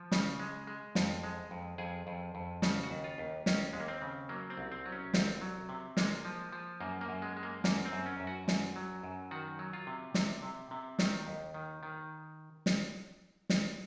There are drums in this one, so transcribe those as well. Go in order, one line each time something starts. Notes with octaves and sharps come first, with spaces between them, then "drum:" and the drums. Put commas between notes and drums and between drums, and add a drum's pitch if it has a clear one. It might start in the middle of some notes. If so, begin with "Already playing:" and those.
Already playing: F3
C#3, drum: snare
G#3
G#3
F2, drum: snare
G#3
F2
F2 G#4
F2
F2
C#3 F#4, drum: snare
F#4
D#2
F4
D#2
D#2 C#4, drum: snare
D#2 G#3
A#3
C4
C#3
F#3 A#3
C4
C2
C4
F#3
C#4
C2 C4, drum: snare
F#3
C3
G#3 A#3, drum: snare
F3
F3
F#2 A#3
A#3
F#2
G#3
G#3
A#3
F#2 A#3, drum: snare
C4
F#2
C#4
F#2
F#4
F#2, drum: snare
F#3
F#2
D#3 F#4
F#3
F4
C3
C3, drum: snare
C3
C3
D#3, drum: snare
D#2
D#3
D#3
drum: snare
drum: snare